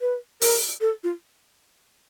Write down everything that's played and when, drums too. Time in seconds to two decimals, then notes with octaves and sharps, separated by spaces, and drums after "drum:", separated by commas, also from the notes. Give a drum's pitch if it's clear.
0.01 B4
0.41 A#4, drum: open hi-hat
0.81 A4
1.04 F4